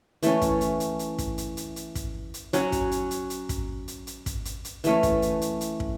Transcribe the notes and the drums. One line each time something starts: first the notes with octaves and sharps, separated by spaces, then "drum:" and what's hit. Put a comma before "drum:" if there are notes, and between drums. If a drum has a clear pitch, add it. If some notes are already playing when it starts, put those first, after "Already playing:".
E3 A3 C#4, drum: hi-hat
drum: kick, hi-hat
drum: hi-hat
drum: hi-hat
drum: hi-hat
drum: kick, hi-hat
drum: hi-hat
drum: hi-hat
drum: hi-hat
drum: kick, hi-hat
drum: hi-hat
F#3 C#4 F#4, drum: hi-hat
drum: kick, hi-hat
drum: hi-hat
drum: hi-hat
drum: hi-hat
drum: kick, hi-hat
drum: hi-hat
drum: hi-hat
drum: kick, hi-hat
drum: hi-hat
drum: hi-hat
E3 A3 C#4, drum: hi-hat
drum: kick, hi-hat
drum: hi-hat
drum: hi-hat
drum: hi-hat
drum: kick